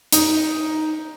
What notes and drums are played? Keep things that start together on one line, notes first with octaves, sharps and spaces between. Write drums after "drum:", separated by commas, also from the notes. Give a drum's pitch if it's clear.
D#4, drum: hi-hat